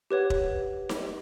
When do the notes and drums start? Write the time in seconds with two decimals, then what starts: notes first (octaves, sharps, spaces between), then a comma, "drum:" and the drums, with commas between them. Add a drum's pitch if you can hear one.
0.10 G4 B4 C#5 F#5
0.30 drum: kick E1
0.89 drum: snare D#4